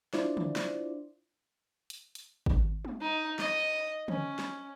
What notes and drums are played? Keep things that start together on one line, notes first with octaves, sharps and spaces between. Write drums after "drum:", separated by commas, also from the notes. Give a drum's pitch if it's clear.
D4 E4 F4 C5 D5, drum: snare
drum: tom
drum: snare
drum: hi-hat
drum: hi-hat
drum: kick G#1
drum: tom
D#4
D#5, drum: snare
C#4, drum: tom
drum: snare